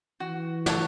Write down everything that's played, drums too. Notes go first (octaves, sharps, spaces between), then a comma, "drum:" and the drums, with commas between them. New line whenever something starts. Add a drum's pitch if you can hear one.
E3 F#4
A4 C#5 F#5, drum: snare